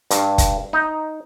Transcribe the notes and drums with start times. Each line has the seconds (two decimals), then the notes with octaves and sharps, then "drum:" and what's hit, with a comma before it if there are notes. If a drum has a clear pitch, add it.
0.11 G2, drum: hi-hat
0.38 drum: kick F1, hi-hat
0.73 D#4